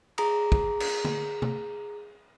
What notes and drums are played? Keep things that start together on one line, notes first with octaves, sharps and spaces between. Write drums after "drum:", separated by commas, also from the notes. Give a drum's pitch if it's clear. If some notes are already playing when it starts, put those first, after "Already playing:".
G#4 A#5 D#6, drum: cymbal
drum: kick
drum: cymbal
drum: tom
drum: tom C3